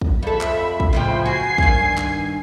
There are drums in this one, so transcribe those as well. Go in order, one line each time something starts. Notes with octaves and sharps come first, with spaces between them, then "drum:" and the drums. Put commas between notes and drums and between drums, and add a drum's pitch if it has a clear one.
drum: kick
F2 A4 E5 B5
drum: clap
drum: kick
A2 C#3 F3 G5 B5 C6
F#4 G#5 G#6 C7
G2 D#3, drum: kick
drum: clap